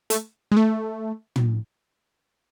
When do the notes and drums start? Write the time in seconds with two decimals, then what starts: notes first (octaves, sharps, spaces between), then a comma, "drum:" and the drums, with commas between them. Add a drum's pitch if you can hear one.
0.10 A3, drum: hi-hat
0.52 G#3
0.57 A3
1.36 drum: tom